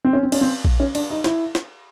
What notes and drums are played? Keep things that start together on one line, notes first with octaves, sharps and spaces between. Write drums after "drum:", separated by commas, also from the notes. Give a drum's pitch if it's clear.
C4
C#4
C4
C#4, drum: cymbal
C4
drum: kick A#1
C#4
D4, drum: cymbal
D#4
E4, drum: snare
drum: snare